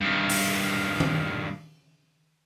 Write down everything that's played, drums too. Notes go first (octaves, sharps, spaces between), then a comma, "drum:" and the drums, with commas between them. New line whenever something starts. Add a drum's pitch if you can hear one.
G2 D#3
drum: open hi-hat
drum: tom D#3